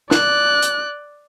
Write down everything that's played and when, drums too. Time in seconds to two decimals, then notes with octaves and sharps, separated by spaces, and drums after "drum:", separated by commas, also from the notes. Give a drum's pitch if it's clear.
0.11 D5 F#6, drum: snare
0.62 drum: hi-hat